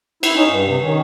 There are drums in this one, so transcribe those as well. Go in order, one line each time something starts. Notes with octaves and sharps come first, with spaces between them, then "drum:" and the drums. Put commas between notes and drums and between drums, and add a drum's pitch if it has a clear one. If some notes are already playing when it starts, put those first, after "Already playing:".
E4, drum: cymbal
C#4 D#4
G2
C3
D#3 C#4